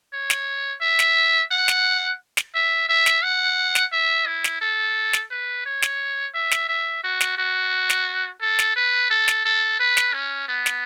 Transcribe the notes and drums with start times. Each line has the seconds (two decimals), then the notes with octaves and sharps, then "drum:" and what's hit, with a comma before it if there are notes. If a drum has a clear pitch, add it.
0.13 C#5
0.30 drum: snare
0.81 E5
0.99 drum: snare
1.51 F#5
1.68 drum: snare
2.37 drum: snare
2.55 E5
2.89 E5
3.06 drum: snare
3.23 F#5
3.75 drum: snare
3.92 E5
4.26 E4
4.44 drum: snare
4.61 A4
5.13 drum: snare
5.31 B4
5.66 C#5
5.82 drum: snare
6.34 E5
6.51 drum: snare
6.69 E5
7.04 F#4
7.20 drum: snare
7.38 F#4
7.90 drum: snare
8.41 A4
8.59 drum: snare
8.76 B4
9.10 A4
9.28 drum: snare
9.45 A4
9.79 B4
9.97 drum: snare
10.14 C#4
10.48 B3
10.66 drum: snare